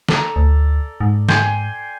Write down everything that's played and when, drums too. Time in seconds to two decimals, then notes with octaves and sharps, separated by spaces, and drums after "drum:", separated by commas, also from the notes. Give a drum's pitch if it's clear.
0.09 A4 D5 A#5, drum: snare
0.36 D2
1.01 G#2
1.29 G5 G#5 C6, drum: snare